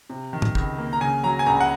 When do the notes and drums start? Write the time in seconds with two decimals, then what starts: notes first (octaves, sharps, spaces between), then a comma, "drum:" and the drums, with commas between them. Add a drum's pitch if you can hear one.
0.10 C3
0.33 D#3
0.42 drum: tom G#2
0.55 C#2, drum: kick
0.78 A#3
0.93 A#5
1.00 C#3 G#5
1.23 F#3 A#5
1.39 G#5
1.46 C#2 A#5
1.60 F#5